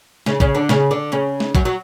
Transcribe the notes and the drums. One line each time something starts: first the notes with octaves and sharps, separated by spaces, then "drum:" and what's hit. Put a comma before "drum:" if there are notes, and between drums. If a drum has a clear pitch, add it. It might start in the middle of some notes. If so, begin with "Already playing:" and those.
C#3 C#4, drum: snare
C#3 C#4, drum: kick A1
D3 D4
C#3 C#4, drum: snare
D3 D4
C#3 C#4
drum: snare
F#2 F#3, drum: kick A1
F#3